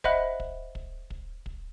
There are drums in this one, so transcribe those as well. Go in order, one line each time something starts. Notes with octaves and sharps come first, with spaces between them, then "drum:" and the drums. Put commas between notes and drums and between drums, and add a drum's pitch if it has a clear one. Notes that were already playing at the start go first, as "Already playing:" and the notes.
C5 D#5 E5 F#5 B5 F#6, drum: kick
drum: kick
drum: kick
drum: kick
drum: kick